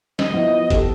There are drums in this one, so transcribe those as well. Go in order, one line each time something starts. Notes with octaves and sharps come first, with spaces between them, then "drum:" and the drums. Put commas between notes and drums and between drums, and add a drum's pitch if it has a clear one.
D#5, drum: snare
F3 B3 E4
G4 A4, drum: kick, hi-hat